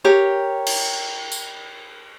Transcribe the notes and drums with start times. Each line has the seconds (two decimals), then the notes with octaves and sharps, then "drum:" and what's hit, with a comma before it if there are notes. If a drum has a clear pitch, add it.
0.04 G4 A#4 C#5
0.67 drum: cymbal
1.32 drum: tambourine